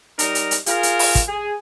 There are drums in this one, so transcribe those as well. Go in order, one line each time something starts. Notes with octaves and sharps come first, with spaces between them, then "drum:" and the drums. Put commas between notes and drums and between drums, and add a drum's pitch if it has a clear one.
G3 D#4 A#4, drum: hi-hat
drum: hi-hat
drum: hi-hat
F4 G#4 A#4, drum: hi-hat
drum: hi-hat
drum: open hi-hat
drum: kick, hi-hat
G#4